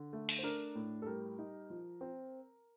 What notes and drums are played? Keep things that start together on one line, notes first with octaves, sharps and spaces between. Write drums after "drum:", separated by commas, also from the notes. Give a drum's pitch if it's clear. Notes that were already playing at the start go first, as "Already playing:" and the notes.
Already playing: D3
A3
drum: open hi-hat
C5
D4 A#4
A2
A4
G3 A#4
D#4
F3
C4